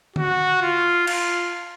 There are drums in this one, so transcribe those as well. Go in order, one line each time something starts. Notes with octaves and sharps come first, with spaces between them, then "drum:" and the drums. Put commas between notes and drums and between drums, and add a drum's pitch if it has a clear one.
F#4, drum: tom
F4
F4, drum: cymbal